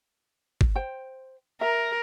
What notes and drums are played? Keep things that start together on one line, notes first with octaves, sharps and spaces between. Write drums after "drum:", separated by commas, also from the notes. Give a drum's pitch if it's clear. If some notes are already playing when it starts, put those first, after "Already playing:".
drum: kick
C5 G5
A#4 E5 A#5